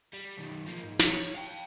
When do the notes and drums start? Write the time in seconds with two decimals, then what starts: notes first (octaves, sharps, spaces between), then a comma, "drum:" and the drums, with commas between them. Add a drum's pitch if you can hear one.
0.13 G3
0.37 B1 D#3
0.66 F3 A#3
0.83 G#2
0.99 C#5, drum: snare
1.34 F5 G5